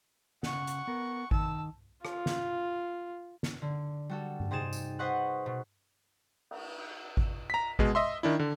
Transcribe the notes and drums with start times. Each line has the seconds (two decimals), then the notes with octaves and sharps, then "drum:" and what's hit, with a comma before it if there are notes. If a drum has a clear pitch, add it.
0.43 C#3 F#5 C#6, drum: snare
0.67 drum: hi-hat
0.87 B3 A#4
1.31 D#3 A5 E6, drum: kick G#1
2.05 F4, drum: rim click
2.26 drum: snare
3.43 drum: snare
3.62 D3
4.09 G3 F#4 A4
4.40 drum: tom G2
4.51 C3 C4 D#4 G#4 A6 E7
4.73 drum: tambourine
4.99 B4 C5 D#5 F#5 C#6 F#6
5.46 B2
6.51 drum: cymbal
6.78 drum: cymbal
7.17 drum: kick G#1
7.50 A#5 B6
7.79 B2 G#3, drum: kick G#1
7.95 D#5 E5 C6
8.23 D#3 D4 E4
8.39 D3